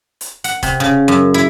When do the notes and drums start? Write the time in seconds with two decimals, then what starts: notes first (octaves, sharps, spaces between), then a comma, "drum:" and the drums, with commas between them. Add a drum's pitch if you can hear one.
0.21 drum: hi-hat
0.44 F#5, drum: hi-hat
0.63 C3, drum: kick, hi-hat
0.80 C#3
1.08 F#2
1.34 E4